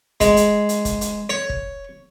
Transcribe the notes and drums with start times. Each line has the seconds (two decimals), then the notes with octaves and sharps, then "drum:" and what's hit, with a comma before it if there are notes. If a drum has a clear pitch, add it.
0.20 G#3, drum: kick, hi-hat
0.37 drum: hi-hat
0.69 drum: hi-hat
0.85 drum: kick, hi-hat
1.01 drum: hi-hat
1.29 C#5
1.49 drum: kick